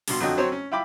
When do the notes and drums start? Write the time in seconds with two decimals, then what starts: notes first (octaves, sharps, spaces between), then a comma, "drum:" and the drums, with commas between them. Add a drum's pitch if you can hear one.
0.08 G2 B2 C6, drum: open hi-hat
0.21 F2 D3 F#3 F#4 D#5 G5
0.37 F#3 C4 C5 C#5
0.52 C#4
0.72 E4 F4 G5 B5 D6